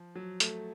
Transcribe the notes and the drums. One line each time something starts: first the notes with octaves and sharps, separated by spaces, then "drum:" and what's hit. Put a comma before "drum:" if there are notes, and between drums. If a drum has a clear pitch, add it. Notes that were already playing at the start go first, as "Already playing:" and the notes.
Already playing: F3
F#3
A3, drum: hi-hat